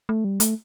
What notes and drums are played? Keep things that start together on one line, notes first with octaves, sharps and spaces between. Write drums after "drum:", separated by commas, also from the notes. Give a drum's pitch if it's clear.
A3
G3
A3, drum: hi-hat